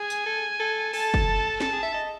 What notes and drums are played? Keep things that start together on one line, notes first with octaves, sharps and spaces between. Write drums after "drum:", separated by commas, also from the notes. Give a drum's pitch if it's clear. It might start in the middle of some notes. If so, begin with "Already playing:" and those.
Already playing: G#4 G#5
drum: tambourine
A4
A4
A4 A5, drum: open hi-hat
drum: kick
A4 A5, drum: snare
G#4
E5
D#5